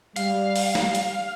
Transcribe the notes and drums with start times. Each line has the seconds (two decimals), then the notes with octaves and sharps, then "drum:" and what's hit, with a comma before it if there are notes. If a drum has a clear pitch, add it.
0.16 G3 F5, drum: hi-hat
0.56 drum: open hi-hat
0.75 drum: snare
0.95 drum: hi-hat